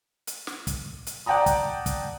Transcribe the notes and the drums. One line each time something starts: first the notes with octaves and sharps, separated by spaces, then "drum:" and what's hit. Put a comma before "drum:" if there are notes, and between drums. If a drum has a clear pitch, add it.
drum: hi-hat
drum: snare
drum: kick, hi-hat
drum: hi-hat
D5 F#5 G5 A5 A#5 D#6
drum: kick, hi-hat
drum: kick, hi-hat